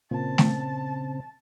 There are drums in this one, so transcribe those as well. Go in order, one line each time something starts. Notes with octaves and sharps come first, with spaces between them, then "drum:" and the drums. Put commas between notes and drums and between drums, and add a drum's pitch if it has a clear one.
A#2 C#3 C4 A5
drum: snare A3